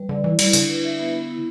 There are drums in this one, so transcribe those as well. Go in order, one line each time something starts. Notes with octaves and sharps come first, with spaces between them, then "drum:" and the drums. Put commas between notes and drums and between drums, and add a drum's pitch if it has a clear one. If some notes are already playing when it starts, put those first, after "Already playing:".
Already playing: G3 B4
D3 D5
E3 E4
G3 E4, drum: cymbal
D3 D4, drum: hi-hat
B4
E5
B3
B3
E4